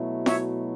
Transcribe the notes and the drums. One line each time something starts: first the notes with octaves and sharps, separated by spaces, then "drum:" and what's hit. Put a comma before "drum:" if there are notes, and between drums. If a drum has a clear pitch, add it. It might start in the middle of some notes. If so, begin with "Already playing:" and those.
Already playing: B2 F#3 A3 E4
C#5 E5, drum: snare